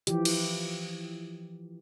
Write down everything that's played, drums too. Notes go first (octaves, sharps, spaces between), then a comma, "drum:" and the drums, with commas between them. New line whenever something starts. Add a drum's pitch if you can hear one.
E3 F3 G4, drum: hi-hat
drum: cymbal